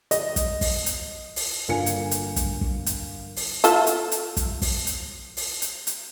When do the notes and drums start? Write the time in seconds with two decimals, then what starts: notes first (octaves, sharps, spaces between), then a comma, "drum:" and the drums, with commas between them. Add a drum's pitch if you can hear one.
0.11 D#5, drum: hi-hat
0.36 drum: kick, hi-hat
0.61 drum: kick, open hi-hat
0.86 drum: hi-hat
1.36 drum: open hi-hat
1.68 G1 A#3 F4 G#5 C#7
1.86 drum: hi-hat
2.11 drum: hi-hat
2.36 drum: kick, hi-hat
2.61 drum: kick
2.86 drum: hi-hat
3.36 drum: open hi-hat
3.64 F4 A4 E5, drum: hi-hat
3.87 drum: hi-hat
4.12 drum: hi-hat
4.37 drum: kick, hi-hat
4.62 drum: kick, open hi-hat
4.87 drum: hi-hat
5.37 drum: open hi-hat
5.62 drum: hi-hat
5.87 drum: hi-hat